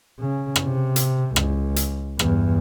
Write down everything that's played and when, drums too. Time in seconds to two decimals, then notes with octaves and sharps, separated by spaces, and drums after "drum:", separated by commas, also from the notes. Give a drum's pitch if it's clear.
0.20 C#3
0.56 drum: rim click
0.65 C3
0.96 drum: hi-hat
1.36 C#2, drum: rim click
1.76 drum: hi-hat
2.19 E2 G2, drum: rim click